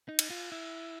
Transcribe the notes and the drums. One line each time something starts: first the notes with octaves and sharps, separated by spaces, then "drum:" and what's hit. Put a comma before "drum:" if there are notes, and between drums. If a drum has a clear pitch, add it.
D#4
drum: cymbal
F4
E4